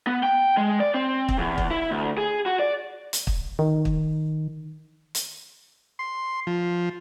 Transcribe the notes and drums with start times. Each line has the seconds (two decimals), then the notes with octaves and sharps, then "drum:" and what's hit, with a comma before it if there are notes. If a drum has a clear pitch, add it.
0.07 B3
0.23 G5
0.57 G#3
0.80 D5
0.94 C4
1.29 drum: kick
1.38 E2
1.58 drum: kick
1.71 E4
1.91 D2
2.18 G#4
2.46 F#4
2.59 D5
3.13 drum: hi-hat
3.27 drum: kick
3.59 D#3
3.85 drum: kick
5.15 drum: hi-hat
5.99 C6
6.47 F3